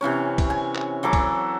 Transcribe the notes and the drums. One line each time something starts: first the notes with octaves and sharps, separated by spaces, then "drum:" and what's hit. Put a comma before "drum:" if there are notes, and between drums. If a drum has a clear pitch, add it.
C3 E3 C#4 C#5
drum: kick, cymbal
G#5
drum: clap
E3 F#3 A4 D6
drum: kick, cymbal